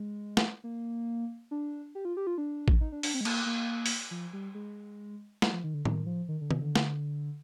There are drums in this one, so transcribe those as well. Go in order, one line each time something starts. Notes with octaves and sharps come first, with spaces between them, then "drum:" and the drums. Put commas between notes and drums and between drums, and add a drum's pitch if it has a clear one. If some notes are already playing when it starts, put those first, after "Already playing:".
Already playing: G#3
drum: snare
A#3
D4
G4
F4
G4
F4
D4
drum: kick
D#4
D4
D4, drum: open hi-hat
C4
G#3
A#3, drum: cymbal
A#3
drum: open hi-hat
F3
G3
G#3
G3, drum: snare
F3
D#3
D3
D#3, drum: tom A2
F3
D#3
D3
C3, drum: tom D#3
D3
drum: snare